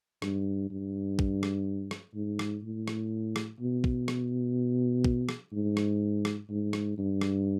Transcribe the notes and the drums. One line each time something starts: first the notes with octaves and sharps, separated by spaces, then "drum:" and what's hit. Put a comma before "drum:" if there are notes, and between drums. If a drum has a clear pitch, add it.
G2, drum: rim click
G2
drum: kick
drum: rim click
drum: rim click
G#2
drum: rim click
A2
drum: rim click
drum: rim click
B2
drum: kick
drum: rim click
drum: kick
drum: rim click
G#2
drum: rim click
drum: rim click
G#2
drum: rim click
G2
drum: rim click